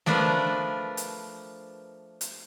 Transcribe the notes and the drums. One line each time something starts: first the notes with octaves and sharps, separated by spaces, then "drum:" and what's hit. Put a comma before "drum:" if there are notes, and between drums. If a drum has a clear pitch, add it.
F3 A3 D4 A#4 B4, drum: snare A3
drum: hi-hat
drum: hi-hat